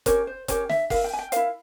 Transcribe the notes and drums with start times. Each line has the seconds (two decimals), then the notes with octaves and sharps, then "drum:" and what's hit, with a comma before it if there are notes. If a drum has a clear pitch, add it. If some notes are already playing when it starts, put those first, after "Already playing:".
0.06 C#4 G4 A#4 C#5, drum: kick F#1, hi-hat
0.27 C5
0.48 C#4 G4 A#4 C#5, drum: kick F#1, hi-hat
0.69 E5, drum: snare
0.90 E4 A#4 F5, drum: kick F#1, open hi-hat
1.04 G5
1.13 G#5
1.19 G5
1.32 E4 A#4 F5, drum: hi-hat